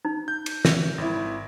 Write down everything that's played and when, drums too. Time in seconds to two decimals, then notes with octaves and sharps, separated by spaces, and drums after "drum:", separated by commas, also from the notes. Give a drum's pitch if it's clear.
0.05 D#4
0.28 G6
0.46 drum: cymbal
0.65 E5, drum: snare
0.98 G#1 E4